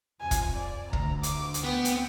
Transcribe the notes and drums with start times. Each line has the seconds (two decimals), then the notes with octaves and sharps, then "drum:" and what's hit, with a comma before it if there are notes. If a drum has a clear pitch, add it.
0.21 F2 G#5
0.31 drum: kick, hi-hat
0.56 D5
0.93 D2 A#5, drum: kick
1.23 D6, drum: hi-hat
1.54 drum: hi-hat
1.64 B3 G5
1.85 drum: hi-hat